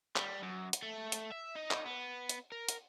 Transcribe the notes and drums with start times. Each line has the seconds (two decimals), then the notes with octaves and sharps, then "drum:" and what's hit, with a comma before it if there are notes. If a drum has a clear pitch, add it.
0.16 G3, drum: clap
0.42 F#2
0.73 drum: hi-hat
0.82 A3
1.12 drum: hi-hat
1.32 E5
1.56 D#4
1.71 drum: clap
1.86 B3
2.29 drum: hi-hat
2.52 A#4
2.69 drum: hi-hat